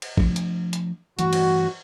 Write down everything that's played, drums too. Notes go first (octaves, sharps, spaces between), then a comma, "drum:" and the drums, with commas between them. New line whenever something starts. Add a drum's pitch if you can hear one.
drum: cymbal
F3 A3 D4, drum: kick
drum: hi-hat
drum: hi-hat
G2 E3 A3 F#4, drum: hi-hat
drum: cymbal